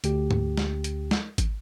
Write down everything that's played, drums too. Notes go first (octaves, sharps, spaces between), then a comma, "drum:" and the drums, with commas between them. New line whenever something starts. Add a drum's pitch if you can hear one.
D2 G4, drum: hi-hat
drum: tom G#2
drum: snare
drum: hi-hat
drum: snare
drum: kick, hi-hat